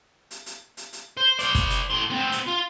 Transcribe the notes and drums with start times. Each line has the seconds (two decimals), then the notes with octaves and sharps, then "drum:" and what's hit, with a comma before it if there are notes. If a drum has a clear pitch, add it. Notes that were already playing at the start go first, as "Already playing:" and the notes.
0.31 drum: hi-hat
0.46 drum: hi-hat
0.77 drum: hi-hat
0.93 drum: hi-hat
1.17 C5
1.39 C5 D5, drum: hi-hat
1.55 drum: kick, hi-hat
1.70 drum: hi-hat
1.90 A2 C6
2.10 B3 C4
2.32 drum: hi-hat
2.48 F4